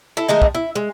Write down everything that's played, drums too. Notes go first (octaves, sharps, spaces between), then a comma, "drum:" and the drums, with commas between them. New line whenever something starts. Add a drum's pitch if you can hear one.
E4 A4
D#3 G#3 A3 D#5
drum: kick
E4
G#3